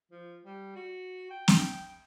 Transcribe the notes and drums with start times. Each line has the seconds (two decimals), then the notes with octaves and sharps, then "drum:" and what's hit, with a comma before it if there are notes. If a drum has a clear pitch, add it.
0.11 F3
0.45 G3
0.76 F#4
1.30 G5
1.48 drum: snare